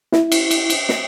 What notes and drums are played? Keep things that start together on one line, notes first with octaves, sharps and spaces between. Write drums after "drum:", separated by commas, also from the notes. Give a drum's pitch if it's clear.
E4, drum: snare
drum: cymbal
drum: cymbal
drum: cymbal
drum: snare